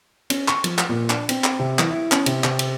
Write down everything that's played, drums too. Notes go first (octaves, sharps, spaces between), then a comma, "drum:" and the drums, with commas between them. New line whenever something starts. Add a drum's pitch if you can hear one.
C#4, drum: cymbal
C#6, drum: clap
F3, drum: cymbal
drum: clap
A#2
D4, drum: clap
C4, drum: cymbal
drum: clap
C3
E3, drum: clap
E4
C#4, drum: clap
C3, drum: cymbal
C3, drum: clap
drum: cymbal